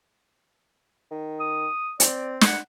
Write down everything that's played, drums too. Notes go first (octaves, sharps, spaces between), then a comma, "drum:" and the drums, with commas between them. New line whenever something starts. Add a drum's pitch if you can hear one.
D#3
D#6
C4 D5, drum: hi-hat
F#5, drum: snare